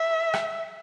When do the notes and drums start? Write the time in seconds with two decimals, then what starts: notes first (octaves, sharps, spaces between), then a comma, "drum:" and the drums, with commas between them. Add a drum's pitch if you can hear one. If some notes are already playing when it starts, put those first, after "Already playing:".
Already playing: E5
0.34 drum: rim click